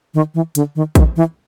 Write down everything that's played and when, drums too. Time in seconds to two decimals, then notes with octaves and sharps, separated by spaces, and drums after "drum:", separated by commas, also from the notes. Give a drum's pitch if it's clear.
0.14 D#3
0.34 E3
0.55 D3, drum: hi-hat
0.75 D#3
0.95 D#3, drum: kick A#1, hi-hat
1.16 E3